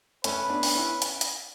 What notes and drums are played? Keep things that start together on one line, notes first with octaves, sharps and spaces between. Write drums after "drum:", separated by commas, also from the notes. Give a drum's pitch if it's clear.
A3 C#4 B4, drum: hi-hat
B3 D4
drum: open hi-hat
C#4 E4
drum: hi-hat
drum: hi-hat